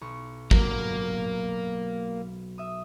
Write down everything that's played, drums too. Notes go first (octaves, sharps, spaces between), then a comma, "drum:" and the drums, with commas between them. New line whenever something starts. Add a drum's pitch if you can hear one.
B1 C#6
F#3 A#3, drum: kick G#1
E5 D#6